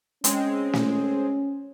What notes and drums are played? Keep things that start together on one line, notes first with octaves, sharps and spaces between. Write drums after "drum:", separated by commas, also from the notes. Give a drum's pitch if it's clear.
G#3 C4 C#4, drum: hi-hat
drum: snare